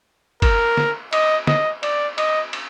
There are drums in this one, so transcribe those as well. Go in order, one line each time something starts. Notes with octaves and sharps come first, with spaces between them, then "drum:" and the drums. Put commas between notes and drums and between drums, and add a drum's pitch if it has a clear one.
A#4, drum: kick G1, cymbal
drum: snare
D#5, drum: cymbal
D#5, drum: snare
D5, drum: cymbal
D#5, drum: cymbal
drum: cymbal